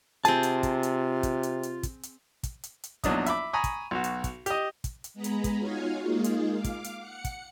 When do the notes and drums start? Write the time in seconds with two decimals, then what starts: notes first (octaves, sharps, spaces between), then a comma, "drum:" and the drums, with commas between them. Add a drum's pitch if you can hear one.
0.25 C3 C4 F4 G#4 A5, drum: hi-hat
0.43 drum: hi-hat
0.63 drum: kick, hi-hat
0.83 drum: hi-hat
1.23 drum: kick, hi-hat
1.43 drum: hi-hat
1.63 drum: hi-hat
1.83 drum: kick, hi-hat
2.03 drum: hi-hat
2.43 drum: kick, hi-hat
2.63 drum: hi-hat
2.84 drum: hi-hat
3.04 A#1 E2 F#3 D4 D#4 D#6, drum: kick, hi-hat
3.26 E5 B5 D6, drum: hi-hat
3.53 G#5 A#5 B5 C#6 D#6
3.64 drum: kick, hi-hat
3.91 B1 F#4
4.04 drum: hi-hat
4.24 drum: kick, hi-hat
4.46 G4 D#5, drum: hi-hat
4.84 drum: kick, hi-hat
5.04 drum: hi-hat
5.14 G#3 B3 G#4 A#5 B5
5.24 drum: hi-hat
5.44 drum: kick, hi-hat
5.59 D#4 F4 F#4 C#5 F5 G#5
6.00 G#3 A#3 D#4 F4 G#4
6.24 drum: hi-hat
6.53 F5 D6
6.64 drum: kick, hi-hat
6.84 drum: hi-hat
7.00 F#5 C#7
7.25 drum: kick, hi-hat